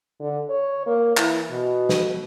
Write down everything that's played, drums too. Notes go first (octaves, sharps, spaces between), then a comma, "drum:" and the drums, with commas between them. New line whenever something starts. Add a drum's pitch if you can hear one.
D3
C#5
A#3
E3, drum: clap
B2
drum: snare